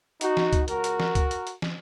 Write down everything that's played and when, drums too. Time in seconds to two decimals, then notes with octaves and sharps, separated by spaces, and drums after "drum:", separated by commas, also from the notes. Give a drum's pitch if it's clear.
0.21 D#4 F#4, drum: hi-hat
0.37 drum: snare
0.53 drum: kick, hi-hat
0.68 C#2 C#3 F#4 A#4, drum: hi-hat
0.84 drum: hi-hat
1.00 drum: snare
1.15 drum: kick, hi-hat
1.31 drum: hi-hat
1.47 drum: hi-hat
1.62 drum: snare